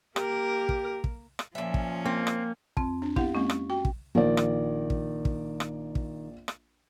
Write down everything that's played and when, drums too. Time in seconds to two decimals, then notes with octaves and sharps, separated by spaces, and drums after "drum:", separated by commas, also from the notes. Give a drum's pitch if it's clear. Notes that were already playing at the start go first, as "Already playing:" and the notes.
0.16 A#3 G4 A#4, drum: rim click
0.69 drum: kick
1.04 drum: kick
1.39 drum: rim click
1.55 A#2 F3 C#4 E5
1.74 drum: kick
2.06 A#3 C4
2.27 drum: rim click
2.77 F2 C4, drum: kick
3.02 D4
3.16 B3 E4 G4 F5, drum: kick
3.35 G#3 A#3 C4 C#4
3.50 drum: rim click
3.70 F#4 G5
3.85 drum: kick
4.15 A#1 D#3 A#3 D5
4.37 drum: rim click
4.90 drum: kick
5.25 drum: kick
5.60 drum: rim click
5.95 drum: kick
6.48 drum: rim click